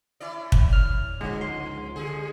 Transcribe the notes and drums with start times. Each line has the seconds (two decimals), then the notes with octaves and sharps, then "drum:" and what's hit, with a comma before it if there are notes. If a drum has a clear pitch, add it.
0.20 C#4 E4 D5
0.52 drum: kick
0.73 F6
1.21 C#2 G#2 D3 F3 G#3
1.41 C6
1.96 D3 G3 G#4